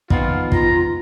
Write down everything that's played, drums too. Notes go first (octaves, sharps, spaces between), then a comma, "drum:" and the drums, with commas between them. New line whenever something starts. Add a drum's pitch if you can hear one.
B2 D#3 F3 F4 F#5, drum: kick
F4 A#5, drum: kick